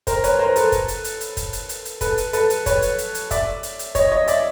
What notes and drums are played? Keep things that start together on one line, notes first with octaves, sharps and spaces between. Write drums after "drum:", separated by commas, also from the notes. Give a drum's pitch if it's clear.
A#4 C5, drum: kick, hi-hat
B4 C#5, drum: hi-hat
A#4 C5
A4 B4, drum: hi-hat
drum: kick, hi-hat
drum: hi-hat
drum: hi-hat
drum: hi-hat
drum: kick, hi-hat
drum: hi-hat
drum: hi-hat
drum: hi-hat
A4 B4, drum: kick, hi-hat
drum: hi-hat
A4 B4, drum: hi-hat
drum: hi-hat
B4 C#5, drum: kick, hi-hat
drum: hi-hat
drum: hi-hat
drum: hi-hat
D5 E5, drum: kick, hi-hat
drum: hi-hat
drum: hi-hat
C#5 D#5, drum: kick, hi-hat
C#5 D#5
D5 E5, drum: hi-hat